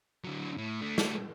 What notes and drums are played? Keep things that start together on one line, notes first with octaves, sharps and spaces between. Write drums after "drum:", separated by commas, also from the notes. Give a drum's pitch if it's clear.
D3 F#3
A2
A3 D4
drum: snare